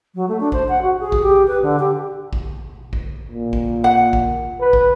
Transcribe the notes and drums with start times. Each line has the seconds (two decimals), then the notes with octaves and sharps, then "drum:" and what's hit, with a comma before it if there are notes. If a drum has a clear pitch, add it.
0.14 F#3
0.28 A3
0.40 D4
0.52 C5, drum: kick
0.68 F#5
0.82 F#4
0.99 G#4
1.12 drum: kick
1.22 G4
1.47 B4
1.62 D3
1.79 G4
2.33 drum: kick
2.93 drum: kick
3.29 A#2
3.53 drum: kick
3.84 F#5
4.13 drum: kick
4.61 B4
4.73 drum: kick